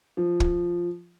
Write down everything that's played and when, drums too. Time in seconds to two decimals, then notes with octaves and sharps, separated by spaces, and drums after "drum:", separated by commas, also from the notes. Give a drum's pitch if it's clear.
0.17 F3
0.40 drum: kick